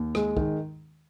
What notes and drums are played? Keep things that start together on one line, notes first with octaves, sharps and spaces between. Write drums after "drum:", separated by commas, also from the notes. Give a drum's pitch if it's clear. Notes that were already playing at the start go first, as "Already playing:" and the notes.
Already playing: D#2
G#3, drum: rim click
D#3, drum: kick